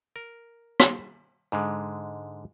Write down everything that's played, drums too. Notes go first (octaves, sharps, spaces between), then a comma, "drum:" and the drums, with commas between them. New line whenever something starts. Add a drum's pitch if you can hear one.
A#4
drum: rim click
G#2 D3 G#3